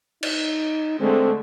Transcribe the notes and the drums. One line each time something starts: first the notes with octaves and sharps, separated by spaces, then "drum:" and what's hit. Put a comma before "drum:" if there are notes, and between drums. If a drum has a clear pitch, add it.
D#4, drum: cymbal
D3 G#3 A3 C4